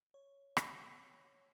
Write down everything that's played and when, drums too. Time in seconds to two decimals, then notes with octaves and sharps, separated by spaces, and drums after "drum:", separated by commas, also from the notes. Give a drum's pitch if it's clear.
0.14 C#5
0.57 drum: rim click